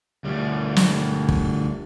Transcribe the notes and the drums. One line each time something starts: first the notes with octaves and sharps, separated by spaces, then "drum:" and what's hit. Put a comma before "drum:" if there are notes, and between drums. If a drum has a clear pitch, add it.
D2 G3
drum: snare
drum: kick